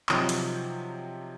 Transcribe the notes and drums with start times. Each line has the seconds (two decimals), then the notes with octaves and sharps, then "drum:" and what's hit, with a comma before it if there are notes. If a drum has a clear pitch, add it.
0.09 C3 F3 F#3 D#4 G4, drum: clap
0.29 drum: hi-hat